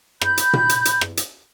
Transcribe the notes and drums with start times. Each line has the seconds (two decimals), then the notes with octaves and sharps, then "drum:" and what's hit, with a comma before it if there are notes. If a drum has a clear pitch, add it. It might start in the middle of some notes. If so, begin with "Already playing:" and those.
0.21 B5 G6, drum: rim click
0.37 drum: hi-hat
0.53 drum: tom A#2
0.69 drum: hi-hat
0.85 drum: hi-hat
1.01 drum: rim click
1.17 drum: hi-hat